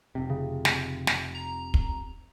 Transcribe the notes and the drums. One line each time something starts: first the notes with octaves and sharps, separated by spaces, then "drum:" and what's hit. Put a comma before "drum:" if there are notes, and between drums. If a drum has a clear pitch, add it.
F1 C3
C#3
drum: snare
drum: snare
A#5
drum: kick